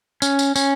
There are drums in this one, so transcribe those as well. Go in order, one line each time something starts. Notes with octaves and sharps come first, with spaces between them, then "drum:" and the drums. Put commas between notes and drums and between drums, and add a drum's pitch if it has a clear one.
C#4, drum: tambourine
drum: tambourine
C#4, drum: tambourine